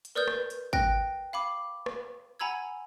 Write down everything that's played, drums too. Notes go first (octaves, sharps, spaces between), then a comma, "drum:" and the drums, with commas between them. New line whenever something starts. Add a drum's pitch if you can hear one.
drum: hi-hat
A#4 B4 D5 D#6 F6 G6
drum: rim click
drum: hi-hat
G5 F#6 A#6, drum: kick
F5 B5 D6
drum: rim click
F#5 G#5 A#5 B5 E6 G#6